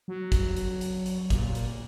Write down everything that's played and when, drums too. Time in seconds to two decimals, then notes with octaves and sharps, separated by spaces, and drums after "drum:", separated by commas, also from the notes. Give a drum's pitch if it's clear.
0.08 F#3
0.32 drum: kick, hi-hat
0.56 drum: hi-hat
0.81 drum: hi-hat
1.06 drum: hi-hat
1.30 A#2, drum: kick, hi-hat
1.55 drum: hi-hat